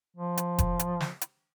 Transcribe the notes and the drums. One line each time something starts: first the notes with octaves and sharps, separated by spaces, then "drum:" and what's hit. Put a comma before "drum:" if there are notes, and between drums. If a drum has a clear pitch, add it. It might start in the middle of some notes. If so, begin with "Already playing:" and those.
F3
drum: hi-hat
drum: kick F1, hi-hat
drum: hi-hat
drum: snare
drum: hi-hat